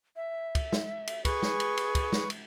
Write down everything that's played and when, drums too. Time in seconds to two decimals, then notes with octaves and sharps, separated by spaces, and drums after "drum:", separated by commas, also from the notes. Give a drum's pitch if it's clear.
0.16 E5
0.55 drum: kick, cymbal
0.72 drum: snare
1.07 drum: cymbal
1.25 G#4 B4 C#6, drum: kick, cymbal
1.42 drum: snare
1.60 drum: cymbal
1.77 drum: cymbal
1.95 drum: kick, cymbal
2.12 drum: snare
2.30 drum: cymbal